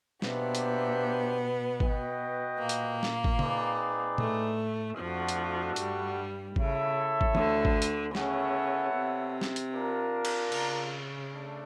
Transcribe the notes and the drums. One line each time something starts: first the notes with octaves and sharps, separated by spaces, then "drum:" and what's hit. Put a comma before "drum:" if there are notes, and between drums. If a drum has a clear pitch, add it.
B2 A#3 B3 D4 G4 C5 E5, drum: snare
drum: hi-hat
F#4 B4 D#5 G5, drum: kick G#1
A#2 A#3
drum: hi-hat
drum: snare
drum: kick G#1
C4 D#4 G#4 B4 D5, drum: tom C#3
A2 A3, drum: tom
F2 F3 A3 D4 F#4
drum: hi-hat
G2 G3, drum: hi-hat
C#3 E4 A4 C#5 E5, drum: kick G#1
drum: kick G#1
D2 D3, drum: tom
drum: kick G#1
drum: hi-hat
C#3 B3 E4 A4 C#5 F#5, drum: snare
C3
drum: snare
drum: hi-hat
D4 F4 A#4
drum: cymbal
C#3, drum: cymbal
A3 D4